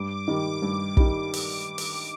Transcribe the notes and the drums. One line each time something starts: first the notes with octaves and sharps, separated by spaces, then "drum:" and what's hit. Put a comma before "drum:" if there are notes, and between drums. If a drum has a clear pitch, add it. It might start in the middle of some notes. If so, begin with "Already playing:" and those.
Already playing: G2 D6
D#3 G3
G2
D#3 G3, drum: kick
drum: open hi-hat
drum: open hi-hat